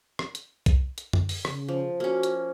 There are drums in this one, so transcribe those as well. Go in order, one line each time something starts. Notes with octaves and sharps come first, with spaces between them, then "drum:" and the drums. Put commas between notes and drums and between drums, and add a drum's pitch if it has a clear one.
drum: rim click
drum: hi-hat
drum: kick B1, hi-hat
drum: hi-hat
drum: tom F#2
drum: open hi-hat
C#3, drum: rim click
F3
A#3 C#4 F#4
drum: hi-hat